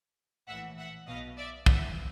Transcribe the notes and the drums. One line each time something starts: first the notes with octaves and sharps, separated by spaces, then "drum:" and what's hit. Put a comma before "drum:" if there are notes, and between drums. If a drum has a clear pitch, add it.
A#1 A2 E3 E5 F#5
E5 F#5
B1 B2 D#5 F5
D5 E5
G1 G2 E3 E5 F#5, drum: kick